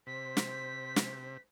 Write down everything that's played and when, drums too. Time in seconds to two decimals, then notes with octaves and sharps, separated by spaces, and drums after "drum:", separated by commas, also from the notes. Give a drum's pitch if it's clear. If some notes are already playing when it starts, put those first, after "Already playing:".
0.07 C3 C5 B6
0.37 drum: snare
0.96 drum: snare